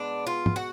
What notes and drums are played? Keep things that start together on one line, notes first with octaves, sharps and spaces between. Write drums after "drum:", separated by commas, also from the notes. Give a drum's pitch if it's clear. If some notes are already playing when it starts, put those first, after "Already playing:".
Already playing: B2 G#3 B3 D4
F4
drum: tom
F#4